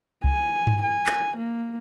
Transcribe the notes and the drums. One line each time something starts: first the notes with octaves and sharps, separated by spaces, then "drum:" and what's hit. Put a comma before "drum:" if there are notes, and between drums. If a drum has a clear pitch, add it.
G#5, drum: kick C2
drum: tom G2
G#5
drum: clap
A#3